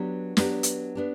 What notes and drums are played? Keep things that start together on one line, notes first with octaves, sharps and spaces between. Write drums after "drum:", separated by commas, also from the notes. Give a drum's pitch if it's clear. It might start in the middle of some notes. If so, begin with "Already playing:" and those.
Already playing: F#3 B3 D4 G4
F#3 B3 D4 G4, drum: snare
drum: hi-hat
B3 D4 G4